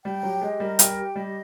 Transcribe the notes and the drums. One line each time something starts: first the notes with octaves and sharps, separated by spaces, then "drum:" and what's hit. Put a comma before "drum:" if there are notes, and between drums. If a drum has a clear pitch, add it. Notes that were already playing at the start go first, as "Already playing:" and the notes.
G3 G5
F#3 G4
G#3 D#5
G3 A#4
G3 G5, drum: hi-hat
G4
G3 D#5